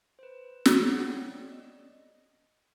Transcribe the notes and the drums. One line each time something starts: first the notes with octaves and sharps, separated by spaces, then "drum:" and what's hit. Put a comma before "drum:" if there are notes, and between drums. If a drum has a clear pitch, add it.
C5
B4
B4
C5, drum: snare
C#5
F#5
G5
C#5
D5
D#5